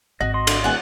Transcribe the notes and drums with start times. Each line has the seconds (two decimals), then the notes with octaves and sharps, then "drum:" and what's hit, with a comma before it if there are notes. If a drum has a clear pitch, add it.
0.21 G#1 F#4 D#5
0.34 D#5 C6
0.47 D3, drum: cymbal
0.64 D#1 F#5 G#5